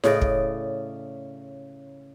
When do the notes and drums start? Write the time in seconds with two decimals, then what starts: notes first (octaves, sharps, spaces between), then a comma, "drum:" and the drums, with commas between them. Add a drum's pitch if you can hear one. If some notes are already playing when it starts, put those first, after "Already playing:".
0.04 A2 C#3 D5 D#5, drum: snare E4
0.22 drum: kick